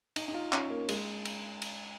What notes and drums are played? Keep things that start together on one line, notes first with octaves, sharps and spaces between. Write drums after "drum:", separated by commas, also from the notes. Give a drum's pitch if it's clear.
D#4, drum: cymbal
D#4
F4
C#4, drum: clap
A#3
G#3, drum: cymbal
drum: cymbal
drum: cymbal